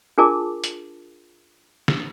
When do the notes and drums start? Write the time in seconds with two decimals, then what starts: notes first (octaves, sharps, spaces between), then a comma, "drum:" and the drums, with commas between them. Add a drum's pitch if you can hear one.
0.18 D4 F4 G#4 A#4 A5 D6
0.64 drum: hi-hat
1.88 drum: snare